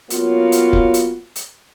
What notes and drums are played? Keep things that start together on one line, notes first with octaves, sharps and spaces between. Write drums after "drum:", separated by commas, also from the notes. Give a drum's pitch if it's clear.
F#3 A#3 B3 C#4 F4 F#4, drum: hi-hat
drum: hi-hat
drum: kick
drum: hi-hat
drum: hi-hat